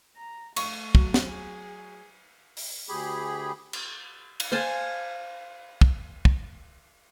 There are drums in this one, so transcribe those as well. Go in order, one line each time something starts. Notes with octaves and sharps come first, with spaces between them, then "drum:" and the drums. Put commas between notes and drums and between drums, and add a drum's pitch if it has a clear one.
A#5
A3 C#6, drum: cymbal
F#3, drum: kick
drum: snare
G#4
drum: open hi-hat
D2 G4 G#4 B5
drum: cymbal
drum: cymbal
C5 F5 G#5 A5
drum: kick
drum: kick